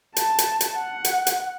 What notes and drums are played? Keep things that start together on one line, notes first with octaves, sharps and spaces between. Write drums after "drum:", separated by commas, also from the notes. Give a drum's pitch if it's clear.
A5, drum: hi-hat
drum: hi-hat
drum: hi-hat
F#5
drum: hi-hat
drum: hi-hat